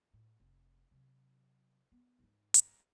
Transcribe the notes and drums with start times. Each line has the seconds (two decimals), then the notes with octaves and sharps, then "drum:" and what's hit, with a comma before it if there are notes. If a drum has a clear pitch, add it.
0.13 A2
0.40 F1
0.91 C3 F#3
1.92 B3
2.19 G#2 E3
2.54 drum: hi-hat